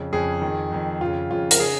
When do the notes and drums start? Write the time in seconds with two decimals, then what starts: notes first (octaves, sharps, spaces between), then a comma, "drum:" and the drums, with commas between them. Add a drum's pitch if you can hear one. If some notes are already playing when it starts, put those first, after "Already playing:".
Already playing: F2 C#3
0.13 F2 C#3 G#4
0.42 F2 D#3
0.72 F2 D#3
1.01 F2 C#3 F4
1.30 F2 C#3 F4
1.51 A#4, drum: hi-hat
1.60 C#3 G#4